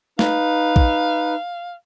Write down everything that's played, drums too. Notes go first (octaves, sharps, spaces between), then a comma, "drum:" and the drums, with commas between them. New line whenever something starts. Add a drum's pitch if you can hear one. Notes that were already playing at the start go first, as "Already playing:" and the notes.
D#4 B4 F5, drum: snare
drum: kick A#1